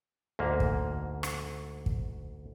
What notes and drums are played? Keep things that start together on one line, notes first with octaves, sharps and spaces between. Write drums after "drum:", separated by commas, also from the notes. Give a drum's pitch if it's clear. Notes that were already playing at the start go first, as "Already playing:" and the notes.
D2 G#2 A#3
drum: kick
drum: rim click
drum: kick